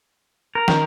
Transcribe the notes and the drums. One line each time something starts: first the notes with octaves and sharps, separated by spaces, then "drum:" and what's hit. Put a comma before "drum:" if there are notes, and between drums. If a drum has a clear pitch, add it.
A#4
D#3, drum: snare